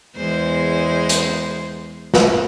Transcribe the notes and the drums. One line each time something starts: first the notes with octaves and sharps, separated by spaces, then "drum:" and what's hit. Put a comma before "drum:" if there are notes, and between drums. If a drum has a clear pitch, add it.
E2 G#3 C5
drum: hi-hat
drum: snare